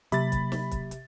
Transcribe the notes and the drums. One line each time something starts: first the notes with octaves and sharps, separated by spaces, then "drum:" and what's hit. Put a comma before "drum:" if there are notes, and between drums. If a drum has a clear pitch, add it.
C3 F#3 A#3 B5 A6, drum: hi-hat
drum: kick, hi-hat
drum: snare
drum: kick, hi-hat
drum: hi-hat